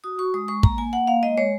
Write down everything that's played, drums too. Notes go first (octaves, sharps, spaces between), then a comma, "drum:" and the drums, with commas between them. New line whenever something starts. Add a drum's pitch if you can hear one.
F#4 D#6
F#4 C#6
G#3 D#6
G#3 C#6
A#3 A#5, drum: kick
A#3 G#5
A#3 F#5
A#3 F5
G#3 D#5
G#3 C#5